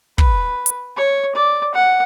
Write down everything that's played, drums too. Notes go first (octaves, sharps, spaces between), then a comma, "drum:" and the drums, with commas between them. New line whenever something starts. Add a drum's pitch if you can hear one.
B4, drum: kick
drum: hi-hat
C#5
D5
F#5